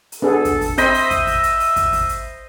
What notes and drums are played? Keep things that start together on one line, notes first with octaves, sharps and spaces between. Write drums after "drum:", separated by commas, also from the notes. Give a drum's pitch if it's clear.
drum: hi-hat
B3 D4 G#4 A4
drum: kick, hi-hat
drum: kick, open hi-hat
C4 C5 D#5 E5 B5, drum: hi-hat
drum: open hi-hat
drum: kick, hi-hat
drum: kick, open hi-hat
drum: hi-hat
drum: open hi-hat
drum: kick, hi-hat
drum: kick, open hi-hat
drum: hi-hat